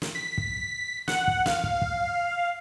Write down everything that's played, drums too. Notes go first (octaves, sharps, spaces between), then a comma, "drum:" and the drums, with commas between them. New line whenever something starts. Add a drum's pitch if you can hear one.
drum: snare
B6
drum: kick
F#5, drum: snare
drum: kick
F5, drum: snare
drum: kick
drum: kick